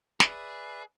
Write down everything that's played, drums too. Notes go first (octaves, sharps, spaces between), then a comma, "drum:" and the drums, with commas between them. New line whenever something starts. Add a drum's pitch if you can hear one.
G#4 B4 D5 E5, drum: snare